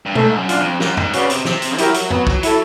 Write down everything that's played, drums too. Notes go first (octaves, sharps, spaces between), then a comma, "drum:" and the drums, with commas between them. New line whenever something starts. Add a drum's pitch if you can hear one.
G2
G#2 A3, drum: tom
F#2
D4 F4, drum: hi-hat
F2
F#2 A#3, drum: snare
G#2, drum: tom F2
C#3 C#4 F#4 B4 D5, drum: hi-hat
C3, drum: hi-hat
C3 C4, drum: snare
drum: hi-hat
F#3 E4 G4 A#4, drum: hi-hat
drum: hi-hat
B3, drum: tom F2
drum: kick
E4 A4, drum: hi-hat